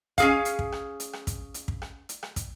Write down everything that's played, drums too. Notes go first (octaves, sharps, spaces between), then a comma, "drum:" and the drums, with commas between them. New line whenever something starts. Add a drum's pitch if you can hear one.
C#4 G#4 F5, drum: kick, hi-hat
drum: hi-hat
drum: kick
drum: rim click
drum: hi-hat
drum: rim click
drum: kick, hi-hat
drum: hi-hat
drum: kick
drum: rim click
drum: hi-hat
drum: rim click
drum: kick, hi-hat